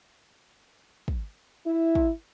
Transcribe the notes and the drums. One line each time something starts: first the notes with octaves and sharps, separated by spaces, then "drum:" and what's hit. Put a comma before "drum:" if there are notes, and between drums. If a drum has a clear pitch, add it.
drum: kick
E4
drum: kick